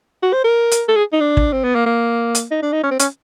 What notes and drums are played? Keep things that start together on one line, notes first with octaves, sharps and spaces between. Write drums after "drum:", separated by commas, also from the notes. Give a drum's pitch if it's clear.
F#4
C5
A#4
drum: hi-hat
A4
G#4
D#4
D4
drum: kick
C4
B3
A#3
A#3
drum: hi-hat
D#4
D4
D#4
C#4
C4
C#4, drum: hi-hat